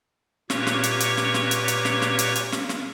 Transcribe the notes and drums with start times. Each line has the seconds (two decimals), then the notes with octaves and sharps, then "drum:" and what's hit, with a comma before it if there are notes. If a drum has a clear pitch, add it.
0.50 A#2 G4 B4 C#5 C#6, drum: snare
0.67 drum: snare
0.83 drum: hi-hat
1.00 drum: hi-hat
1.17 drum: snare
1.34 drum: snare
1.51 drum: hi-hat
1.68 drum: hi-hat
1.85 drum: snare
2.02 drum: snare
2.19 drum: hi-hat
2.35 drum: hi-hat
2.52 drum: snare
2.69 drum: snare